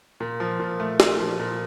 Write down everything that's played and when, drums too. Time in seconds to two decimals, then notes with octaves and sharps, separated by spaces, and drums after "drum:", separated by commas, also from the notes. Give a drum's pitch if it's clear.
0.20 A#2
0.40 F3
0.60 A#2
0.80 A3
1.00 A#2, drum: snare
1.19 F3
1.39 A#2